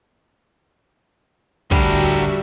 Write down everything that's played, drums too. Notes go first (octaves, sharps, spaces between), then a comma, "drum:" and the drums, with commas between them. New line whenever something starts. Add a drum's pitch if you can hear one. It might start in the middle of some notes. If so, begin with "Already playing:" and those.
A2 D3 G3 F#4 G4 A#4 E5, drum: kick